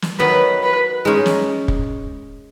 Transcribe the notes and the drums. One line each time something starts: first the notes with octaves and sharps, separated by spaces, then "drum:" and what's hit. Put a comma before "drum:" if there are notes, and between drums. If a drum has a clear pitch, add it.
drum: snare
D#3 F#3 B3 B4
B4
G#3 C#4 D#4 G#4
drum: snare
drum: kick